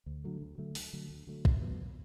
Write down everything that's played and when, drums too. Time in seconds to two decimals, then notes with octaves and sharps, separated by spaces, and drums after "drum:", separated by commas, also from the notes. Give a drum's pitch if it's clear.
0.06 D2
0.24 D3 F#3 A3
0.41 D2
0.58 D3 F#3 A3
0.75 D2, drum: open hi-hat
0.93 D3 F#3 A3
1.10 D2
1.27 D3 F#3 A3
1.45 G#1, drum: kick
1.62 G#2 F#3 B3